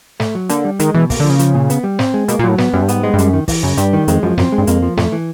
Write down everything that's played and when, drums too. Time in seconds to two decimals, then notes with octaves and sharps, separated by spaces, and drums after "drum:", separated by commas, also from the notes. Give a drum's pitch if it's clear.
0.20 A3, drum: snare
0.35 F#3
0.49 D3 A#3, drum: hi-hat
0.65 G3
0.79 D#3 G#3, drum: hi-hat
0.94 B2 E3
1.10 A#3, drum: kick, open hi-hat
1.20 D3
1.24 F3
1.30 C#3
1.39 F3, drum: hi-hat
1.54 A#2
1.70 B3, drum: hi-hat
1.84 G3
1.99 C4, drum: snare
2.14 G#3
2.28 B2 A#3, drum: hi-hat
2.39 A#2
2.44 A2 F#3
2.58 B3, drum: snare
2.73 F#2 G3
2.82 G2
2.88 G#2 B3, drum: hi-hat
3.03 G#3
3.14 G2
3.18 F#2 G3, drum: hi-hat
3.33 D#3
3.48 E3, drum: kick, open hi-hat
3.63 F#2 C#3
3.77 G2 G3, drum: hi-hat
3.93 D#3
4.08 F2 G#3, drum: hi-hat
4.23 F#2 F3
4.38 F#2 C4, drum: snare
4.52 G#3
4.58 G2
4.67 F2 A#3, drum: hi-hat
4.82 F3
4.97 F2 A3, drum: snare
5.12 E3